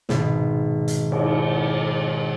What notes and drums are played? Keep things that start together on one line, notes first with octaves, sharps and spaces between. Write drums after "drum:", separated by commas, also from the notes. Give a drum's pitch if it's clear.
G#1 B2, drum: snare
drum: hi-hat
drum: cymbal